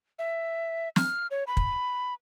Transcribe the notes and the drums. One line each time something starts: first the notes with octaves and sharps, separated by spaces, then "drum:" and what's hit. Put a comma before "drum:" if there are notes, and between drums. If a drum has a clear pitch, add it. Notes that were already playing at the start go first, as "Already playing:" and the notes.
E5
F6, drum: snare
C#5
B5
drum: kick